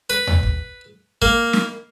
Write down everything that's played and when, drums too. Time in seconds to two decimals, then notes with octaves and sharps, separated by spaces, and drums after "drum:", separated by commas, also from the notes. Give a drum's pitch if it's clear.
0.10 B4
0.27 drum: tom D#2
0.43 drum: kick
1.22 A#3, drum: kick
1.53 drum: snare